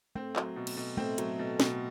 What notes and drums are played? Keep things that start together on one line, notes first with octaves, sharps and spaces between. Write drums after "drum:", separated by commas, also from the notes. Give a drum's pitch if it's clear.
A3 C4
F#3, drum: clap
B2
drum: cymbal
B2
A3 C4
F#3, drum: hi-hat
B2
B2, drum: snare